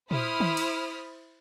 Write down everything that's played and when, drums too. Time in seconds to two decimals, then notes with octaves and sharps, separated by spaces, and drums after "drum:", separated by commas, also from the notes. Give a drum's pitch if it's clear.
0.11 E4 C5 B5 D#6 F6, drum: tom A#2
0.40 drum: tom D#3
0.57 drum: cymbal